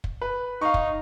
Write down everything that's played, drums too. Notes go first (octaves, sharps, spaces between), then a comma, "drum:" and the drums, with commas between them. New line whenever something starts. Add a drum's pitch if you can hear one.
drum: kick
B4
D#4 F5 C#6
drum: kick